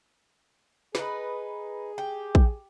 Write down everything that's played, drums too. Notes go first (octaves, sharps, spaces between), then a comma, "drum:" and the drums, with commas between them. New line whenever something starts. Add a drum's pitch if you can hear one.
D#4 G#4 B4, drum: snare
G4
drum: kick